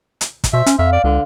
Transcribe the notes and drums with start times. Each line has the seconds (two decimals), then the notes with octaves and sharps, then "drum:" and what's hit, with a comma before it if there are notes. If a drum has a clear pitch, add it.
0.21 drum: hi-hat
0.44 drum: kick, hi-hat
0.53 B2 C5 E5
0.66 C#4, drum: hi-hat
0.79 F2 E5 F5
0.93 D5
1.04 C#2 D3